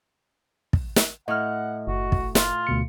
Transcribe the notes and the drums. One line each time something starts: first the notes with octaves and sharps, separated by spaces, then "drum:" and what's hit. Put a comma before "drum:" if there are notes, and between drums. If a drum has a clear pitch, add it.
drum: kick
drum: snare
A2 D#5 F#5 F6
F#1 F#4
drum: kick
F4, drum: snare
D2 B2 C#7